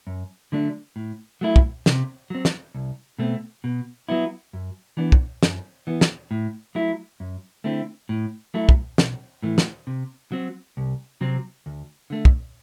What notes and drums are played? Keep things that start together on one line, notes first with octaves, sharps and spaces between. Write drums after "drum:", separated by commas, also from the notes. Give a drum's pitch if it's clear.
F#2
D3 F#3 A3 D4
A2
F#3 A3 E4
drum: kick
C3, drum: snare
F#3 C4
drum: snare
C2
B2 A3 C4
B2
F#3 B3 E4
F#2
E3 B3 D4
drum: kick
F#2, drum: snare
E3 B3
drum: snare
A2
F#3 A3 E4
F#2
D3 A3 C4 E4
A2
F#3 A3 E4
drum: kick
B1, drum: snare
A2 E3 A3
drum: snare
C3
F#3 C4
C2
C3 F#3 C4
D2
D3 A3
drum: kick